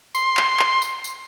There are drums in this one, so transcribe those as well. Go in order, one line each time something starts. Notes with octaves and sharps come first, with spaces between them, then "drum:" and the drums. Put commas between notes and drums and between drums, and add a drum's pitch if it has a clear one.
C6, drum: tambourine
drum: clap
drum: clap
drum: tambourine
drum: tambourine